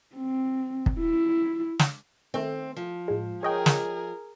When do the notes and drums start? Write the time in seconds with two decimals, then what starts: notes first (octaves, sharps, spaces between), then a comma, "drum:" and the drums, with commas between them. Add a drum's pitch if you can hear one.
0.16 C4
0.86 drum: kick
1.00 E4
1.79 drum: snare
2.34 D#3 A3 C4
2.76 F3
3.08 A2 G#3
3.43 G#4 A#4 C#5 D#5 G5
3.66 drum: snare